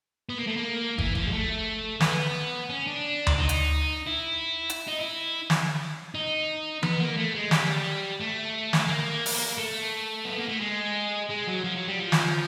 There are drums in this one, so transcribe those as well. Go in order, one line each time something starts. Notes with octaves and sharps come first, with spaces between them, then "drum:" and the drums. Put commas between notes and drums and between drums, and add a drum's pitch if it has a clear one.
B3
A#3
A3
A#3
E3, drum: kick
F3, drum: kick
G#3
A3
B3, drum: snare
C#4
D4
drum: tom D2
D#4
drum: hi-hat
E4
drum: hi-hat
D#4
E4
drum: snare
D#4
B3, drum: tom E3
A#3
A3
G#3
G3, drum: snare
A3
drum: snare
A#3
drum: open hi-hat
A3
B3
A#3
A3
G#3
G#3
F#3
F3
F#3
G3
F3
drum: snare